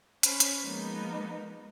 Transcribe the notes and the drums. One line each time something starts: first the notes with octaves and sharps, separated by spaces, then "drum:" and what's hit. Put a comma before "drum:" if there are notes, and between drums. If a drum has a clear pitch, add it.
C#4 C5 B5, drum: hi-hat
drum: hi-hat
F3 G#3 A#3 B3 D#4